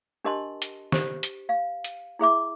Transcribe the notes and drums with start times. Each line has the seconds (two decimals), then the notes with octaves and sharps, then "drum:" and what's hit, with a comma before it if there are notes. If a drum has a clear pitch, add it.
0.25 D4 G4 A#4 D#5 A5 C6
0.62 drum: hi-hat
0.92 G4 C5, drum: snare
1.23 drum: hi-hat
1.49 F5
1.84 drum: hi-hat
2.19 E4 G#4 E5 D6